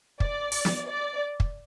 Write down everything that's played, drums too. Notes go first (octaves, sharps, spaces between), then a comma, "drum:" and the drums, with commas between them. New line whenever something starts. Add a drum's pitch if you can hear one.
D5, drum: kick
drum: open hi-hat
drum: snare
D5
drum: kick